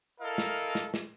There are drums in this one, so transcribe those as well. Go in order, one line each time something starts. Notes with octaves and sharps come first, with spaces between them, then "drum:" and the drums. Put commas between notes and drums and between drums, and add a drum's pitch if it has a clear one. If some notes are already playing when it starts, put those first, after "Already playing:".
E4 A4 A#4 D#5 F5
drum: snare
drum: snare
drum: snare